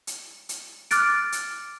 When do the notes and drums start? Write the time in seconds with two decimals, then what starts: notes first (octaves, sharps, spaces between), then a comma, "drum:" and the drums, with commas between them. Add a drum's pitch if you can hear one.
0.07 drum: hi-hat
0.49 drum: hi-hat
0.91 D6 F6 F#6 A6 D7, drum: hi-hat
1.32 drum: hi-hat